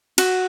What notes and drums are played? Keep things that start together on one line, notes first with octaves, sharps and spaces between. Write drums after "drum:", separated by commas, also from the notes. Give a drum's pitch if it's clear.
F#4, drum: cymbal